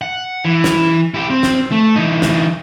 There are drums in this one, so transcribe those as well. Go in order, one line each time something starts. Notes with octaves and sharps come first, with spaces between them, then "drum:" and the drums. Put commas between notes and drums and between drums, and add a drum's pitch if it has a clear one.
F#5
E3
drum: snare
E4 G4
C4
drum: snare
A3
E3 D#4
drum: snare